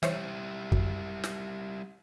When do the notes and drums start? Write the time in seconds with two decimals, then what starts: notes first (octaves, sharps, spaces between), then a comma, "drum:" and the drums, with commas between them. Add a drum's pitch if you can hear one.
0.03 E3 G3 E4 C5 C#5, drum: snare
0.72 F#2, drum: kick
1.24 drum: snare